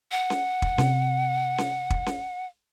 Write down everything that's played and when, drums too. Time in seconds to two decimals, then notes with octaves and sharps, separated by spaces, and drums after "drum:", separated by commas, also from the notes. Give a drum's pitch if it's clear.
0.12 F#5
0.30 drum: snare C#4
0.62 drum: kick
0.78 C3, drum: snare C#4
1.58 drum: snare C#4
1.90 drum: kick
2.06 drum: snare C#4